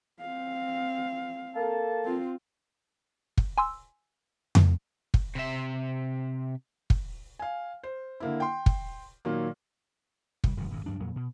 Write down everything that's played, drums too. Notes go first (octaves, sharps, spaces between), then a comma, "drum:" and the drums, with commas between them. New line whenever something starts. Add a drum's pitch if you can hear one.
C4 F5
A#3 A4 A5
C4 F4
drum: kick
G#5 C6 E6
drum: tom F2
drum: kick
C3 E5
drum: kick
F5 G#5
C5
D3 A#3 E4
G5 C6
drum: kick
A#2 D#3 F#3 A#3
C2 G3, drum: kick
E1 G2 D3 F3
G#1 F#2 B2
D2 G2 F#3 D4
F2 A#2 F#3
B2